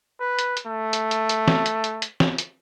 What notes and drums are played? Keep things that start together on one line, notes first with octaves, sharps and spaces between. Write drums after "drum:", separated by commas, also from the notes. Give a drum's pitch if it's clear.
B4
drum: hi-hat
drum: hi-hat
A3
drum: hi-hat
drum: hi-hat
drum: hi-hat
drum: snare
drum: hi-hat
drum: hi-hat
drum: hi-hat
drum: snare
drum: hi-hat